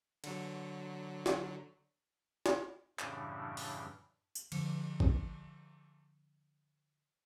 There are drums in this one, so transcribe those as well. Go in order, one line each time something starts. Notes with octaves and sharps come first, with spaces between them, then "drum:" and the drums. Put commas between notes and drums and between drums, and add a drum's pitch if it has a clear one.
D3 F#3, drum: cymbal
drum: snare
drum: snare
F#2 A2 C#3 E3 G3 D4, drum: clap
drum: open hi-hat
drum: tambourine
D3 F3, drum: cymbal
drum: kick